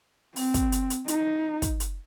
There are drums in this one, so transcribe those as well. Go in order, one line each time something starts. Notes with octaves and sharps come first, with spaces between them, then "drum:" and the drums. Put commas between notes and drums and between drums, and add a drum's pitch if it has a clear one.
C4, drum: open hi-hat
drum: kick, hi-hat
drum: hi-hat
drum: hi-hat
D#4, drum: hi-hat
drum: kick, hi-hat
drum: hi-hat